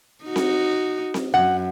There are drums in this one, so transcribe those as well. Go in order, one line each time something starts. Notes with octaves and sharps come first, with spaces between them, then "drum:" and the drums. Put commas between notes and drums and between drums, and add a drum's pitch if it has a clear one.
D#4 F#4
drum: snare C4
drum: snare C4
F#2 F#5